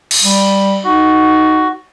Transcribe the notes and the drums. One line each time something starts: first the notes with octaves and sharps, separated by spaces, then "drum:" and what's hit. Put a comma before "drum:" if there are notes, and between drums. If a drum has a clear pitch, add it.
drum: cymbal
G3
D#4 F#4